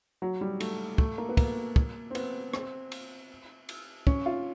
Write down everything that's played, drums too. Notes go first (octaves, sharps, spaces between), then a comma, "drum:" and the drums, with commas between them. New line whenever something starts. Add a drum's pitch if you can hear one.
F#3
G3
A3, drum: cymbal
A3, drum: kick
A#3
B3
A#3, drum: kick, cymbal
drum: kick
C4
B3, drum: cymbal
C4, drum: rim click
drum: cymbal
drum: cymbal
C#4, drum: kick
F4